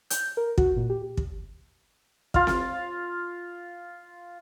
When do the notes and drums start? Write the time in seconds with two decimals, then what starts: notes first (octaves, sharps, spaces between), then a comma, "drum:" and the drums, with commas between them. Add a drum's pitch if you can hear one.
0.10 G6, drum: hi-hat
0.37 A#4
0.58 F#4, drum: kick
0.76 A#2
0.90 G4
1.17 drum: kick
2.34 F4 F5, drum: kick
2.47 drum: snare C4